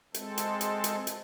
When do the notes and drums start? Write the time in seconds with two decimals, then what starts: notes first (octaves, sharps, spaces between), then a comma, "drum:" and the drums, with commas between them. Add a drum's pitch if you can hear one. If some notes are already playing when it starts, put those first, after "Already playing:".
0.14 G#3 C4 A4, drum: hi-hat
0.38 drum: hi-hat
0.61 drum: hi-hat
0.84 drum: hi-hat
1.07 drum: hi-hat